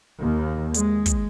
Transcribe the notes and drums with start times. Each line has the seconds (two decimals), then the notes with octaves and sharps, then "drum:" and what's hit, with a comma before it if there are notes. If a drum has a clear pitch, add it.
0.20 D#2
0.74 G#3, drum: hi-hat
1.06 drum: kick, hi-hat